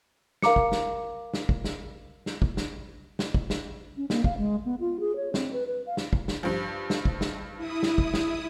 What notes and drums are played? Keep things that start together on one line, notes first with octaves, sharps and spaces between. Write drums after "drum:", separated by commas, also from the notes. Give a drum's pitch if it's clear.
A#4 F5 A#5 D6 C#7, drum: snare
drum: kick
drum: snare
drum: snare
drum: kick
drum: snare
drum: snare
drum: kick
drum: snare
drum: snare
drum: kick
drum: snare
C#4
A#3, drum: snare
F5, drum: kick
G#3
B3
F4
G#4
C#5
C4, drum: snare
B4
B4
F5
drum: snare
drum: kick
drum: snare
G2 F3
drum: snare
drum: kick
drum: snare
E4 D#6
drum: snare
drum: kick
drum: snare